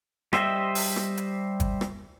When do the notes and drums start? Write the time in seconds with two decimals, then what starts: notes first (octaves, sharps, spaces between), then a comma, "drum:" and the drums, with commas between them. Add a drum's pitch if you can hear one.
0.33 G3 G4 C5 D#5 E5, drum: rim click
0.75 drum: open hi-hat
0.96 drum: rim click
1.17 drum: hi-hat
1.60 drum: kick, hi-hat
1.81 drum: rim click